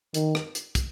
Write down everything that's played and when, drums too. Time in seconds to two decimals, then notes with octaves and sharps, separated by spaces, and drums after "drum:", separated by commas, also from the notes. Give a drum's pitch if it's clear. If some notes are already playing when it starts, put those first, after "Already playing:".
0.14 D#3, drum: hi-hat
0.35 drum: rim click
0.55 drum: hi-hat
0.75 drum: kick, hi-hat